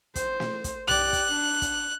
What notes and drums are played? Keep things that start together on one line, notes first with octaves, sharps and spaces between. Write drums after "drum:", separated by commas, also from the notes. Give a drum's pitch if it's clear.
C5, drum: kick, hi-hat
drum: snare
drum: kick, hi-hat
G4 D5 F#6, drum: tom B1
drum: kick, hi-hat
D4
drum: kick, hi-hat